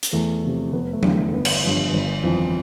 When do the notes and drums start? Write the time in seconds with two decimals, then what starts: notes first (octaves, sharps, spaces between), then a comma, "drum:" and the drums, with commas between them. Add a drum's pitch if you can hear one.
0.03 drum: hi-hat
0.13 E2 A3
0.43 C3 F3
0.73 F1 B3
0.93 A3
1.03 E2 D3, drum: tom F#3
1.13 A3
1.33 G1 B3
1.45 drum: cymbal
1.64 G2 F3
1.93 G1
2.24 F2 E3